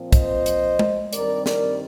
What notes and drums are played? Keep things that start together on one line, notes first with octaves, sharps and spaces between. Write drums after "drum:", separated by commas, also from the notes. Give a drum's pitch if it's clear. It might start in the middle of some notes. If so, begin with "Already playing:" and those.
Already playing: A#2 F3 C4
C5 D#5, drum: kick, hi-hat
drum: hi-hat
drum: tom
G2 D#3 G3 C4 A#4 D5, drum: hi-hat
A#4 D5, drum: snare